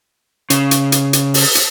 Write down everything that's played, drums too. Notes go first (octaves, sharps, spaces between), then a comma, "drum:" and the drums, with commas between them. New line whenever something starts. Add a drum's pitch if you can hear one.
C#3, drum: hi-hat
drum: hi-hat
drum: hi-hat
drum: hi-hat
drum: open hi-hat
drum: hi-hat